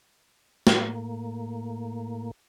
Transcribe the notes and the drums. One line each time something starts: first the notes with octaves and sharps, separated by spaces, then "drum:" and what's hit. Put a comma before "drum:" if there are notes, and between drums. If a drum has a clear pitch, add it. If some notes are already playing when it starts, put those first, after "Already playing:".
A2 A#3, drum: snare